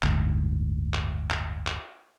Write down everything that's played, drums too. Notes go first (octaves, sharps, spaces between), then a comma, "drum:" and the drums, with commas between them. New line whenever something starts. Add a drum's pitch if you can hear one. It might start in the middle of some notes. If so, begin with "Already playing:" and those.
F#1 D2 G#2, drum: clap
drum: clap
drum: clap
drum: clap